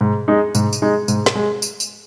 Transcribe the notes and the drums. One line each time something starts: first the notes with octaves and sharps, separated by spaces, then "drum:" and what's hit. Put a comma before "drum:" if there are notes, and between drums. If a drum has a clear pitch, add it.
G#2
G#3 D#4
G#2, drum: tambourine
drum: tambourine
G#3 D#4
G#2, drum: tambourine
drum: snare
G#3
drum: tambourine
drum: tambourine